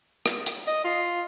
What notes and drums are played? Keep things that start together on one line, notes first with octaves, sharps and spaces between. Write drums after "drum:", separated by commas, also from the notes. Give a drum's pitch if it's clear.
drum: rim click
drum: hi-hat
D#5
F4